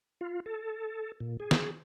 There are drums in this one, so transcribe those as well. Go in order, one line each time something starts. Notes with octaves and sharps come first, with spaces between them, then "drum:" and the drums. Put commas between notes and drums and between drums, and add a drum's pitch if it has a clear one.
F4
A4
A#2
G#4
drum: snare